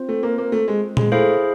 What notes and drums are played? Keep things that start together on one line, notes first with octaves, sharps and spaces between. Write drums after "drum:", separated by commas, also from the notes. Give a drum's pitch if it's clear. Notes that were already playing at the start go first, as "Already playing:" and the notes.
Already playing: C4 F4 C5
A3
A#3
A#3
A3
G#3
G#3, drum: tom A#2
A3 E4 G#4 C5 F5